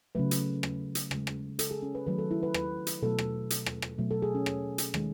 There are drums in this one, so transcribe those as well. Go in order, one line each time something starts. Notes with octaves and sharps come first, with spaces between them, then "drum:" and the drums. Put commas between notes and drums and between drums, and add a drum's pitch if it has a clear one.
C#3 F#3 A3 B4
drum: hi-hat
drum: rim click
drum: hi-hat
C#3 G#3, drum: rim click
drum: rim click
A4, drum: hi-hat
G#4
C#4
B4
D#3 F#3 A3 B4
A4
E4
B4
B4, drum: rim click
drum: hi-hat
B2 F#3 A3 A4
drum: rim click
drum: hi-hat
drum: rim click
drum: rim click
B2 F#3 A3
A4
G#4
C#4
drum: rim click
drum: hi-hat
D#3 G#3, drum: rim click